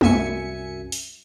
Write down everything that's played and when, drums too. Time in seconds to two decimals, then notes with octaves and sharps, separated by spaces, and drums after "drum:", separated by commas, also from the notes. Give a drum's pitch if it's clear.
0.01 C2 F#2 E5 G#5 C#7, drum: tom G#3
0.92 drum: open hi-hat